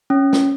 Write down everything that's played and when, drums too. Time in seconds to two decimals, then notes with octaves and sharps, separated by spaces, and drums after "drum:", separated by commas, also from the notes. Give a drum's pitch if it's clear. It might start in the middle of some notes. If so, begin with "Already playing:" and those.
0.10 C#4
0.33 drum: snare